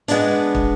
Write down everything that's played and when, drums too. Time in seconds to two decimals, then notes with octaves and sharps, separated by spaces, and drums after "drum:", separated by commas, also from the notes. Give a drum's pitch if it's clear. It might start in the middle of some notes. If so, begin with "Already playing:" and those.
0.08 G#3 B3 D4, drum: hi-hat
0.55 drum: kick